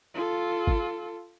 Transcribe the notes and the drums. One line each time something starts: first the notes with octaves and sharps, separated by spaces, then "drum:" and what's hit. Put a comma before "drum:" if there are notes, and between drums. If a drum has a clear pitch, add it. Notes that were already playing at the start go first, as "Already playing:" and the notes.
F4 A4
drum: kick